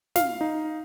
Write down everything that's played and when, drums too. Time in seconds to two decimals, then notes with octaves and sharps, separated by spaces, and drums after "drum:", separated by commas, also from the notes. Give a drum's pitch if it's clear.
0.16 F5, drum: snare
0.41 D#4